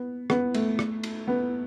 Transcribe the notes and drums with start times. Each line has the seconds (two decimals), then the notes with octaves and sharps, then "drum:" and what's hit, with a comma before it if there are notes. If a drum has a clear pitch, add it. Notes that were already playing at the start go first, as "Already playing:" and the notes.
Already playing: B3
0.30 B3, drum: rim click
0.54 A3, drum: cymbal
0.79 drum: rim click
1.03 drum: cymbal
1.27 B3